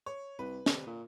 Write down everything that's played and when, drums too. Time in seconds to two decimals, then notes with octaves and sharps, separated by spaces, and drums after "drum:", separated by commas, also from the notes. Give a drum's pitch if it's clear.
0.06 C#5
0.39 C2 B4
0.66 C3, drum: snare
0.87 A#2